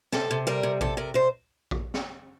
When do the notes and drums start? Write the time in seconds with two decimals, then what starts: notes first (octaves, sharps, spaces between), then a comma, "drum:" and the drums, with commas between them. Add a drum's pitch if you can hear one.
0.12 C3 A4, drum: snare
0.31 C3
0.47 G3 A#4
0.63 C3
0.81 C3 A4, drum: kick A#1
0.97 C3 A#4
1.14 C3 C5
1.71 drum: kick A#1
1.94 drum: snare